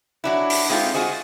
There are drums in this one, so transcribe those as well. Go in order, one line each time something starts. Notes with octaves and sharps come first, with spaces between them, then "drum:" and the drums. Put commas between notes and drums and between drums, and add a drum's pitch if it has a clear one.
F#3 D4 E4
drum: open hi-hat
G#3 A3 C4 D#4 F4
F4 F#4 G#4 C5 D#5